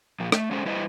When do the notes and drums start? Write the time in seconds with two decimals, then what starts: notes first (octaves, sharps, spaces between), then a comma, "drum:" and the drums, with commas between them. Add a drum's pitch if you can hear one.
0.20 A#2 F3
0.32 A3, drum: rim click
0.51 G#3 C#4 A4 C5
0.65 G3 E4 B4 C5 D#5